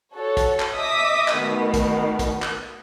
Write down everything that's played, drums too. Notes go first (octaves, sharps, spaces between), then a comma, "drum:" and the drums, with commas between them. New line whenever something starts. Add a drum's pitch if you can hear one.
F#4 A4 C#5
drum: kick, hi-hat
drum: clap
D#5 E5 D6 D#6 B6
drum: clap
B2 D#3 A3
drum: kick, hi-hat
drum: kick, hi-hat
drum: clap